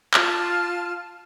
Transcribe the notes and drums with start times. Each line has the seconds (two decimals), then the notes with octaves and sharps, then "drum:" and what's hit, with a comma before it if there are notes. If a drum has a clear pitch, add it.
0.14 F4 A5 F6, drum: clap